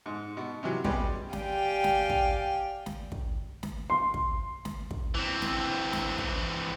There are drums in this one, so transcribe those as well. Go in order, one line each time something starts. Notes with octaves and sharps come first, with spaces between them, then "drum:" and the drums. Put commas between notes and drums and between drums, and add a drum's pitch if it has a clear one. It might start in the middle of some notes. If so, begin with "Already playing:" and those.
G#2
B2
C3 E3 F#3
G3 G#3 B3 C#4 G4, drum: kick
G4 D5 F5 G5 G#5, drum: snare
drum: snare
drum: kick
drum: snare
drum: kick
drum: snare
C6
drum: kick
drum: snare
drum: kick
E3 C4
drum: snare
drum: snare
drum: kick